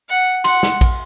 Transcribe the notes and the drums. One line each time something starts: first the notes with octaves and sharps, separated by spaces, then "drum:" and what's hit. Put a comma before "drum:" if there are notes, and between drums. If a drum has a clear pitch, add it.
F#5
F#5 C6, drum: cymbal
drum: snare
drum: kick A#1, cymbal